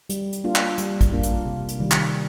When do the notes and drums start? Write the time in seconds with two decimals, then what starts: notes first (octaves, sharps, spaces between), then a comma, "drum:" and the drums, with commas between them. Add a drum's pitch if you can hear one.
0.09 G3, drum: hi-hat
0.33 drum: hi-hat
0.44 A#3 D4 F4
0.55 drum: clap
0.78 G3, drum: hi-hat
1.01 drum: kick, hi-hat
1.11 A#3 D4 F4
1.23 drum: hi-hat
1.46 C3
1.69 drum: hi-hat
1.80 D#3 G3
1.91 drum: clap